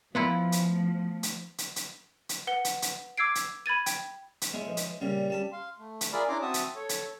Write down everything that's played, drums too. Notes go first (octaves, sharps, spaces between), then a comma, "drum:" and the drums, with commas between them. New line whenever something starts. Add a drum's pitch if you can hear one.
F3 B3 E4 F4 F5 F#5 G#5 B5
drum: hi-hat
A3
drum: hi-hat
drum: hi-hat
drum: hi-hat
drum: hi-hat
B4 F#5 G7
drum: hi-hat
drum: hi-hat
D6 E6 G#6 C7 D7
drum: hi-hat
B5 G#6 A6 D#7
G5, drum: hi-hat
drum: hi-hat
G#3 B3 C#4 E4
F3 B4 D#5
drum: hi-hat
A#2 C#3 G3 C#4 C#5 D5
G3 A5 B5
F5 C6
A3
drum: hi-hat
F4 G#4 A#4 D5 E5 B5
C#4 D4 E4 A#5 C6 D6
C4 F#4 E5 A5 D#6
drum: hi-hat
A4 C#5
drum: hi-hat